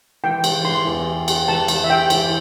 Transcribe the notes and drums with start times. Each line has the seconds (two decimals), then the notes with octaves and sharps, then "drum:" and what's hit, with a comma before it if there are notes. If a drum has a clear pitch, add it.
0.24 E3 G5
0.44 E3, drum: cymbal
0.65 E3 C6
0.86 E2
1.07 G4
1.28 G4, drum: cymbal
1.48 E3 A5
1.68 E3, drum: cymbal
1.84 E5
1.90 G4 G5
2.10 E3, drum: cymbal